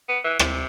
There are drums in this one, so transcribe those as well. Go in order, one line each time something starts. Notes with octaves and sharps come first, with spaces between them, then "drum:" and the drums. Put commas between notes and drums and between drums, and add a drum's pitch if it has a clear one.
B3
E3
C3, drum: rim click